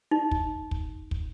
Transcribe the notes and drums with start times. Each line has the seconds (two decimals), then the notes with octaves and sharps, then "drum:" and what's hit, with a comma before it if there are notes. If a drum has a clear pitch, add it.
0.11 D#4
0.31 drum: kick
0.71 drum: kick
1.11 drum: kick